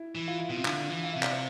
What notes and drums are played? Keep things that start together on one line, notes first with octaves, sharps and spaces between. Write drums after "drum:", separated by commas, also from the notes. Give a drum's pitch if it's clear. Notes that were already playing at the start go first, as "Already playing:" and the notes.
Already playing: E4
E3
F4
E4
B2 F4
C3
D3, drum: clap
E3
F5
C3 E5
D5, drum: clap
C5